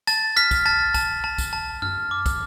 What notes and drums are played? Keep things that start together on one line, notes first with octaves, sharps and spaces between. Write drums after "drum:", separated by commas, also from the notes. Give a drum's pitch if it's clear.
A5 A6, drum: tambourine
F6 B6
drum: kick, tambourine
A5 A6
A5, drum: kick, tambourine
A5
drum: kick, tambourine
A5
F6, drum: tom F#2
D6
drum: kick, tambourine